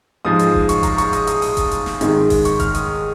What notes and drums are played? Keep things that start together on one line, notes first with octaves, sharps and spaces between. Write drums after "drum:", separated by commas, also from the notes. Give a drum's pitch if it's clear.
G#2 F3 G#3 D#6
drum: hi-hat
drum: kick F#1
C#6, drum: hi-hat
A#5, drum: kick F#1, hi-hat
C#6, drum: hi-hat
D#6, drum: hi-hat
D#6, drum: hi-hat
D#6, drum: open hi-hat
drum: kick F#1, hi-hat
drum: hi-hat
drum: snare
G#2 D#3 G#3, drum: hi-hat
drum: kick F#1, open hi-hat
C#6, drum: hi-hat
F6, drum: kick F#1, hi-hat
D#6, drum: hi-hat